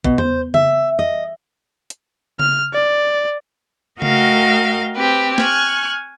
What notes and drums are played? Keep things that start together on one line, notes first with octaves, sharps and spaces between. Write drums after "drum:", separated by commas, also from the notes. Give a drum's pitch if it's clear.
B2, drum: kick
C5, drum: tom E2
E5, drum: tom C#3
D#5
drum: hi-hat
F6, drum: tom C#3
D5
A3 F#4 A#4 D#5 F5 G5, drum: tom C#3
C4 G4 B4
G#5 C#6 F6 F#6, drum: snare